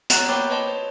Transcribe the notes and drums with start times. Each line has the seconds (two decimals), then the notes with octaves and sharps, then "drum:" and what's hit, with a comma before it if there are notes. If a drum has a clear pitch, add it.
0.10 B3 C#5 A#5 F#6 A6, drum: hi-hat
0.29 A#3 C#5 G5 B5 D6
0.50 B4 C#5 D#5 A5 C6
0.67 C5